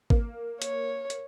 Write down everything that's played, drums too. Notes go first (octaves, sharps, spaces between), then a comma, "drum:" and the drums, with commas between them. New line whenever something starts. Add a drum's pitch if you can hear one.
A#3, drum: kick G#1
C#5, drum: hi-hat
drum: hi-hat